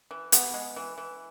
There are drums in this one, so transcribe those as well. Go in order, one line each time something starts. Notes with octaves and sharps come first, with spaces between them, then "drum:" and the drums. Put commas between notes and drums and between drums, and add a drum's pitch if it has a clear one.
E3
B3, drum: hi-hat
G#3
E3
E3